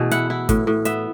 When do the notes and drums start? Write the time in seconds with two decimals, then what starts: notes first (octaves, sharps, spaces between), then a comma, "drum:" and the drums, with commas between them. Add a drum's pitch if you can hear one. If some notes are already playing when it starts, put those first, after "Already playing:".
Already playing: B2 E3 A3 G#4
0.11 E4 F#5, drum: hi-hat
0.30 E4
0.49 A2, drum: kick, hi-hat
0.67 A2
0.85 B3 E5, drum: hi-hat